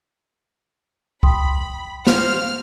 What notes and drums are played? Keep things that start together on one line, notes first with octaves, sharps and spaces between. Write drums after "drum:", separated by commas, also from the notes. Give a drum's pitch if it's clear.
G5 B5 C6 D#6, drum: kick C2
C5 F5 F6, drum: snare